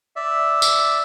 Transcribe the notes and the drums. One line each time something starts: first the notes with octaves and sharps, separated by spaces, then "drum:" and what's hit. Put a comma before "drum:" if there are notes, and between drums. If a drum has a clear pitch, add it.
D5 E5
drum: tambourine